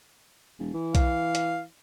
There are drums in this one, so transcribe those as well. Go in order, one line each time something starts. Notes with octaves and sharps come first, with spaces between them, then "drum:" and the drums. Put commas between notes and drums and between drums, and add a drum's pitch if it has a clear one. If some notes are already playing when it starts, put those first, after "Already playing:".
E1
E3
F5, drum: kick B1, hi-hat
drum: hi-hat